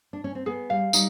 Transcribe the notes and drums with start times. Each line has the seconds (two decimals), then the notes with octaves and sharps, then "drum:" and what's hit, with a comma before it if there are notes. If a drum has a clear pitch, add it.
0.13 D4
0.24 C#4
0.35 C4
0.46 B3 G#4
0.70 G3 F5
0.93 G3 D#4, drum: tambourine